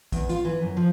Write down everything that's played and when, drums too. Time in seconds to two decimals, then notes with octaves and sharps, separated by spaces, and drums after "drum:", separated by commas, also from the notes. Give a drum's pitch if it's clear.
0.12 E2, drum: kick, hi-hat
0.29 F4, drum: hi-hat
0.45 E3
0.62 F#2
0.77 F3